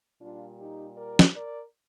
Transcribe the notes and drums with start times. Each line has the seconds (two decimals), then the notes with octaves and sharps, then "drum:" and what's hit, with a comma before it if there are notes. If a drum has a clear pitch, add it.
0.21 A#2 G3 D4 F4
0.59 D#4 G4
0.97 A#4 D5
1.19 drum: snare
1.35 A#4 D5